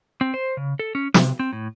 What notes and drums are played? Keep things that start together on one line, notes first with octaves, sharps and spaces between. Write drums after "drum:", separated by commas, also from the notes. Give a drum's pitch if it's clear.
C4
C5
C#3
A4
C#4
C3, drum: snare
C4
A2